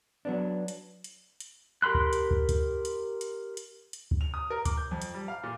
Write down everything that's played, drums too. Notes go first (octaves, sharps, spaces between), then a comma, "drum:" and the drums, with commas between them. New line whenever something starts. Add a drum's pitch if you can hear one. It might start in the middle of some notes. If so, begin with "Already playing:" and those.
F#3 B3 D4
drum: hi-hat
drum: hi-hat
drum: hi-hat
G4 A#4 B5 C6 F#6
drum: kick
drum: hi-hat
drum: kick
drum: kick, hi-hat
drum: hi-hat
drum: hi-hat
drum: hi-hat
drum: hi-hat
drum: kick
F7
D#6
A#4
D6, drum: kick, hi-hat
G6
F2
drum: hi-hat
G3
F5
A#2